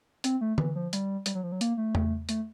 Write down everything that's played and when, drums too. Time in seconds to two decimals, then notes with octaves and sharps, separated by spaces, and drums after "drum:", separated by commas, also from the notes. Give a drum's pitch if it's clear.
0.24 C4, drum: hi-hat
0.41 A3
0.58 E3, drum: tom D3
0.75 F3
0.93 G3, drum: hi-hat
1.26 G3, drum: hi-hat
1.35 F#3
1.43 F3
1.52 F#3
1.61 A#3, drum: hi-hat
1.77 A3
1.95 drum: tom E2
2.29 A3, drum: hi-hat